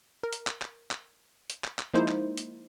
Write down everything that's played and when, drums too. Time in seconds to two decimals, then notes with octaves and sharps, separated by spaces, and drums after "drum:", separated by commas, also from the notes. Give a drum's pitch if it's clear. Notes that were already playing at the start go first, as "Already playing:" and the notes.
0.23 A#4
0.33 drum: hi-hat
0.47 drum: clap
0.62 drum: clap
0.91 drum: clap
1.50 drum: hi-hat
1.64 drum: clap
1.79 drum: clap
1.94 F3 G#3 A#3 D#4 E4 C5
2.08 drum: clap
2.37 drum: hi-hat